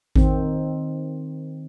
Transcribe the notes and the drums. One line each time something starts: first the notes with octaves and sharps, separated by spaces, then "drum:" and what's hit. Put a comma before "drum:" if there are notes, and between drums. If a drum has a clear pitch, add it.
D#3 C4, drum: kick A1